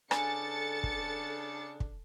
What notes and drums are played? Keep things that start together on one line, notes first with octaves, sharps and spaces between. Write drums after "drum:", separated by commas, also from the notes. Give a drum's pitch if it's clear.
C#3 D4 A4 G#5 A6 C#7, drum: rim click
drum: kick
drum: kick